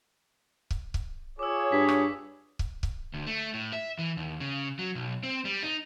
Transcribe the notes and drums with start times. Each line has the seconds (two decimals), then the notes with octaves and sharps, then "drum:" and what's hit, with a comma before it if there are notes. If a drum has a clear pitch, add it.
0.71 drum: kick C#1
0.94 drum: kick C#1
1.39 F4 G#4 C#5 D6 E6
1.72 G2 B6
1.89 drum: rim click
2.59 drum: kick C#1
2.83 drum: kick C#1
3.14 D2
3.27 A3
3.54 A2
3.73 E5
3.99 E3
4.17 D#2
4.40 C#3
4.79 F#3
4.95 B1
5.23 C4
5.45 G3
5.63 D#4